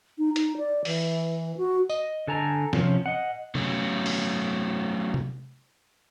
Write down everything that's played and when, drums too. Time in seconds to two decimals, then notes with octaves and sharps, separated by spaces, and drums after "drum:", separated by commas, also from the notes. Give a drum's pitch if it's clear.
0.18 D#4
0.36 D#4, drum: hi-hat
0.58 D5
0.85 E3, drum: open hi-hat
1.57 F#4
1.90 D#5, drum: tambourine
2.27 D3 A4 G#5 A#5
2.73 C3 F3 C#4, drum: snare
3.06 D#5 F#5
3.55 F#3 A3 C#4, drum: tom C3
4.06 drum: open hi-hat
5.14 drum: tom C3